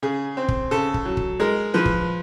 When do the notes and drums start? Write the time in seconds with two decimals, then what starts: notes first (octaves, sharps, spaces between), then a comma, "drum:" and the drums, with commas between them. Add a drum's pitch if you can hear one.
0.02 C#3 G#4
0.37 C4
0.48 drum: kick
0.71 C#3 A4
0.94 drum: kick
1.05 F#3
1.17 drum: kick
1.40 G#3 A#4
1.74 F3 B4
1.85 drum: kick